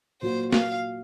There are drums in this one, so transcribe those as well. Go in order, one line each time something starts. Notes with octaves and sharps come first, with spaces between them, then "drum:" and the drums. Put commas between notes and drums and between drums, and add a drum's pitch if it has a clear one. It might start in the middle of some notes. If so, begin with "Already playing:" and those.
A#2 F#3 A#3 C5
F5, drum: snare